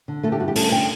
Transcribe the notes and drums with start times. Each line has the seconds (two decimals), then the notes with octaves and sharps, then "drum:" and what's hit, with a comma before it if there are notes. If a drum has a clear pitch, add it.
0.08 D3
0.23 A3 A4
0.32 G4
0.40 G2 F#4
0.48 G4
0.56 C#4 A4, drum: open hi-hat
0.72 D3 G5